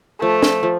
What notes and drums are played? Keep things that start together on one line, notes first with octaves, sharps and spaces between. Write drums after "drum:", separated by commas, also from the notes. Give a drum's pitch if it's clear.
F3 A3
drum: snare
F3